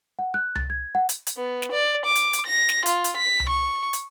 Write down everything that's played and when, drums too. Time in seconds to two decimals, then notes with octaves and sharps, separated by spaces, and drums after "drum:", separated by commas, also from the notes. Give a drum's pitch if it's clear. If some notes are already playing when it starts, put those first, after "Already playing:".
0.19 F#5
0.34 F#6
0.55 A6, drum: tom C2
0.70 G#6
0.95 F#5
1.09 drum: hi-hat
1.27 drum: hi-hat
1.37 B3
1.62 drum: snare
1.72 D5
2.05 D6
2.15 drum: hi-hat
2.33 drum: hi-hat
2.46 A#6
2.69 drum: snare
2.86 F4, drum: hi-hat
3.04 drum: hi-hat
3.17 B6
3.40 drum: tom C2
3.49 C#6
3.93 drum: hi-hat